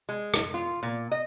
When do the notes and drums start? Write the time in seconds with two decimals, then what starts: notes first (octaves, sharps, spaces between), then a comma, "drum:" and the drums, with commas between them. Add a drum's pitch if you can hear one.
0.09 G#3
0.34 drum: rim click
0.54 F4
0.83 A#2
1.12 D#5